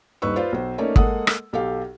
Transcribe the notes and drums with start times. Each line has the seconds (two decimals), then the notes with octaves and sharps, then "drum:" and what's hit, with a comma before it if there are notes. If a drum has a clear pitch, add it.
0.22 D#1 G2 D#4 B4 C#6 E6
0.36 F4 B4 C5 D5 F5
0.52 B1 C5
0.78 A3 A#3 C#4 D#4 C#5 D5
0.96 G#3 A#3 A4 F#5 D#6, drum: kick
1.27 drum: rim click
1.53 B1 G4 A4 F5